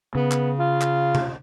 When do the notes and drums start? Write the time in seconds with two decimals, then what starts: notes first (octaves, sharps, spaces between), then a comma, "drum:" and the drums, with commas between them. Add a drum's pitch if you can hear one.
0.15 C#3 B3
0.31 drum: clap
0.59 F4
0.81 drum: clap
1.15 drum: tom C3